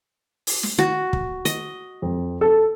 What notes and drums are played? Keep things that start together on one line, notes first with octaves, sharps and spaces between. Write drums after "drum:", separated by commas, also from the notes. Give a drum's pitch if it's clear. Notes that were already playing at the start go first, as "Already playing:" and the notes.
drum: open hi-hat
drum: snare
F#4
drum: kick
D#5, drum: hi-hat
F2
A4